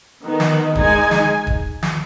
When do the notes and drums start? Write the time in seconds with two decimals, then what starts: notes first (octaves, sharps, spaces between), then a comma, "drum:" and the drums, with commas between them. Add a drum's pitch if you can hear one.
0.22 D#3 B3 D#4
0.40 drum: snare
0.75 G#3 D#4 G#5, drum: kick
1.11 drum: snare
1.47 drum: kick
1.83 drum: snare